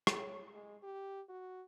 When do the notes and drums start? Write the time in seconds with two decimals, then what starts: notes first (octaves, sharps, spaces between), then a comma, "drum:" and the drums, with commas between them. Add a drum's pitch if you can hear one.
0.07 drum: rim click
0.18 C#5
0.54 G#3
0.83 G4
1.29 F#4